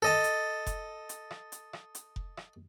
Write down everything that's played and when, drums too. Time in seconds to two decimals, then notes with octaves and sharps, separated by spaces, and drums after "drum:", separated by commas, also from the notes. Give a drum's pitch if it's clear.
0.02 A4 D#5 A5
0.24 drum: hi-hat
0.67 drum: kick F1, hi-hat
1.09 drum: hi-hat
1.31 drum: rim click
1.52 drum: hi-hat
1.73 drum: rim click
1.95 drum: hi-hat
2.16 drum: kick F1
2.37 drum: rim click